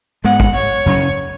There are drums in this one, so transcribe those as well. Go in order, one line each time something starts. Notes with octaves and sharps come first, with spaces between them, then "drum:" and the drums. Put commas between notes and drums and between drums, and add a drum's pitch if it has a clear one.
G#2 G#3 B3 F#5
drum: kick
C#5
F#2 C#3 F#3 C#4